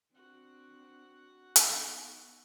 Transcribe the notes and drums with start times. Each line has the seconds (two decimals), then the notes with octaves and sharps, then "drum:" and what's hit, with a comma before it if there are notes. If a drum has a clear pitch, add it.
0.14 C4 D4 F#4 F#5
1.56 B3 D#4, drum: hi-hat